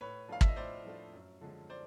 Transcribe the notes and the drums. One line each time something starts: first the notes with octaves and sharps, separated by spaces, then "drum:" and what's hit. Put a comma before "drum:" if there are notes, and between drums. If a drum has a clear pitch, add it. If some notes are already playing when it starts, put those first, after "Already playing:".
A2 B4 C#5
F3 A3 D4 F4 F5
E5, drum: kick
D#5
A2 C5 D5
F3 A3 D4 F4
F#2
D3 F3 G#3
C5 D5